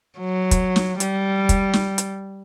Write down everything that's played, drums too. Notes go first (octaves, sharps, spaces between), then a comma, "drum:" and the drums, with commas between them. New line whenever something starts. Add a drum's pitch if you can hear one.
F#3
drum: kick, hi-hat
drum: snare
G3, drum: hi-hat
drum: kick, hi-hat
drum: snare
drum: hi-hat